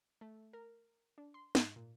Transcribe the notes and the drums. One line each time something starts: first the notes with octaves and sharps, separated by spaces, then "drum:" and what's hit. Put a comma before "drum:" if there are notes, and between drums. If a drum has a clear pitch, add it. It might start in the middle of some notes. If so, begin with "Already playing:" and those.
A3
A#4
D4
C6
G#2, drum: snare
A#2